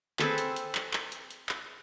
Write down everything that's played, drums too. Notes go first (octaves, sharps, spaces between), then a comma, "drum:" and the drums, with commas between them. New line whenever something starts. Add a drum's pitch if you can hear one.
C4 G#4 A4 B4, drum: clap
drum: hi-hat
drum: hi-hat
drum: clap
drum: clap
drum: hi-hat
drum: hi-hat
drum: clap